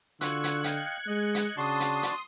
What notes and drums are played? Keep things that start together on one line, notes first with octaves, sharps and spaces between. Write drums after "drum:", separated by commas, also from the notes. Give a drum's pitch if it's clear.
D3 F4 F#4 E6 F#6 G#6 C#7, drum: hi-hat
drum: hi-hat
D#5 F5 G5, drum: hi-hat
G#3 D#5
drum: hi-hat
C#3 D4 F#4 A5 C6 D#6
drum: hi-hat
drum: hi-hat